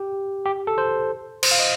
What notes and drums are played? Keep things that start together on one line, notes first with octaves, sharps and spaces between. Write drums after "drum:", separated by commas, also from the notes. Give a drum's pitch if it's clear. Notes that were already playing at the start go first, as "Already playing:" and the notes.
Already playing: G4
G4
A4
C5
C5, drum: cymbal
F5
D#5